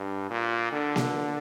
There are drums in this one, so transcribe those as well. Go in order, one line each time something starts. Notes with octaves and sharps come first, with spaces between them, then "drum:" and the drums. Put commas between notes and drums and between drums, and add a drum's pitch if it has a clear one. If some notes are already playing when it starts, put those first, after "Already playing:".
Already playing: G2
A#2
D3
drum: snare A#3